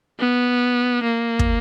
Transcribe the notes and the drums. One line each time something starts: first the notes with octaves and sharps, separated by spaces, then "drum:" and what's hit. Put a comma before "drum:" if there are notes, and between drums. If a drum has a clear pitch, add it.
B3
A#3
drum: kick